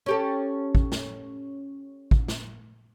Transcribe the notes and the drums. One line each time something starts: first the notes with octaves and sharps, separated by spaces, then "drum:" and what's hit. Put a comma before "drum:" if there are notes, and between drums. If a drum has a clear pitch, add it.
C#4 G4 A4
drum: kick
drum: snare
drum: kick
drum: snare